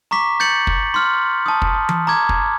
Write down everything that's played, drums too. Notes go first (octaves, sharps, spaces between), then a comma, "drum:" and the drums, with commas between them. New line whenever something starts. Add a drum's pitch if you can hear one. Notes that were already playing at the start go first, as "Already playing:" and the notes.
A#5 C#6 D6 B6
G6 A6 C#7 F#7
drum: kick
C6 F6
A5 D#6
drum: kick
drum: tom E3
A#5 D6 G#6
drum: kick